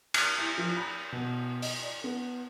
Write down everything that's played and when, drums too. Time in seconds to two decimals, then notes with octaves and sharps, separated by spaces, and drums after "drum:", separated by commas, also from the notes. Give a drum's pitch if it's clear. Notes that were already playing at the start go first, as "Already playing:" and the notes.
0.14 F#6, drum: cymbal
0.38 E4
0.58 F3
0.77 B5
1.12 B2
1.62 D#5, drum: open hi-hat
1.82 D5
2.04 B3